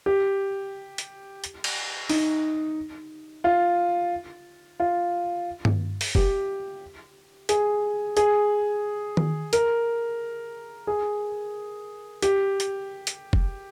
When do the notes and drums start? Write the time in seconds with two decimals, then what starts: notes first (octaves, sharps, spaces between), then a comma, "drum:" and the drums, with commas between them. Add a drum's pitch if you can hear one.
0.06 G4
0.98 drum: hi-hat
1.44 drum: hi-hat
1.64 drum: cymbal
2.10 D#4, drum: open hi-hat
3.44 F4
4.80 F4
5.65 drum: tom G2
6.01 drum: open hi-hat
6.15 G4, drum: kick
7.49 G#4, drum: hi-hat
8.17 G#4, drum: hi-hat
9.17 drum: tom D#3
9.53 A#4, drum: hi-hat
10.87 G#4
12.22 G4, drum: hi-hat
12.60 drum: hi-hat
13.07 drum: hi-hat
13.33 drum: kick